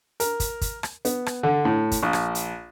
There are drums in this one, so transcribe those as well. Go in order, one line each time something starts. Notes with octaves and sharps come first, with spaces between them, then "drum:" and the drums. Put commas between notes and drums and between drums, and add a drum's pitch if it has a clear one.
A#4, drum: hi-hat
drum: kick, hi-hat
drum: kick, hi-hat
drum: rim click
B3, drum: hi-hat
drum: rim click
D3
A2
drum: kick, hi-hat
A#1
drum: rim click
drum: hi-hat